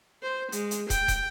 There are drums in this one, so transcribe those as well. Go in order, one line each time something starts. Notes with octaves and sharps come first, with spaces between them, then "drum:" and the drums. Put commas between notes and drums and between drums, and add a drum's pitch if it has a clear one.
C5
G#3, drum: hi-hat
drum: hi-hat
G5, drum: kick, hi-hat
drum: kick, hi-hat